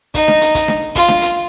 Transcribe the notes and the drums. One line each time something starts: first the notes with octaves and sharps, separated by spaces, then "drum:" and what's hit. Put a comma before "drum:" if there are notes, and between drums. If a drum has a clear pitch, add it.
D#4, drum: kick, hi-hat
drum: snare D4
drum: hi-hat
drum: kick, hi-hat
drum: snare D4
F4, drum: kick, hi-hat
drum: snare D4
drum: hi-hat